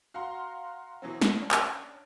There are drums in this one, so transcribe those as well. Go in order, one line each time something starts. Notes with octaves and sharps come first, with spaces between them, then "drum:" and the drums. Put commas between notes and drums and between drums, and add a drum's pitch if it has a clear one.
F#4 F5 F#5 A#5 C6
B2 E3 F#3 C4
drum: snare
C#4 D4
drum: clap